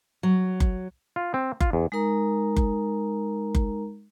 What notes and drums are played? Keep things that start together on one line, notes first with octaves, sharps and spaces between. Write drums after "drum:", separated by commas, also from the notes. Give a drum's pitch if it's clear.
F#3
drum: kick F#1
F4
C4
F4, drum: kick F#1
E2
G#3 D#4 A#4 A#5
drum: kick F#1
drum: kick F#1